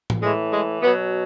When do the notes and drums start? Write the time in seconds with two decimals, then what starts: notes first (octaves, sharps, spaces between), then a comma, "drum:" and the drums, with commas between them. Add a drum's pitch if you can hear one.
0.10 drum: tom A2
0.22 A2 E3 G#3
0.53 G#3
0.82 B2 F#3 B3